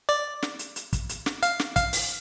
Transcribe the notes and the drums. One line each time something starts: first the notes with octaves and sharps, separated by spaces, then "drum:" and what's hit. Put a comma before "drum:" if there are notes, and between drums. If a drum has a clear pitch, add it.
D5
drum: snare
drum: hi-hat
drum: hi-hat
drum: kick, hi-hat
drum: hi-hat
drum: snare
F5, drum: hi-hat
drum: snare
F5, drum: kick, hi-hat
drum: open hi-hat